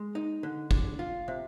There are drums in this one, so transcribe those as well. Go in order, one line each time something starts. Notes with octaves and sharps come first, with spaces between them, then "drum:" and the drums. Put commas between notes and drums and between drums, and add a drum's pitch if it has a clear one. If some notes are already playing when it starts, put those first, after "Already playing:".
Already playing: G#3
D#4
D3
D4, drum: kick G#1
F4
C3